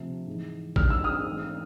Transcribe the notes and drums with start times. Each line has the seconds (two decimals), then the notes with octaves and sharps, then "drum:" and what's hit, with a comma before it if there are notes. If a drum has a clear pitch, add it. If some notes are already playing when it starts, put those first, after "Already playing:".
Already playing: D2 C3 F3
0.27 G#2 E3 G#3
0.76 G#2 D#3 F#3 F6, drum: kick
0.90 E6
1.04 D#6 F6
1.25 G#2 E3 A3 C#4